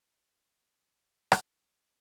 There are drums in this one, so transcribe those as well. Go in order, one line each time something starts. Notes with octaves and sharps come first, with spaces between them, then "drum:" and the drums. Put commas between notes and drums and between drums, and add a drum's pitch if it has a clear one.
D#4
drum: rim click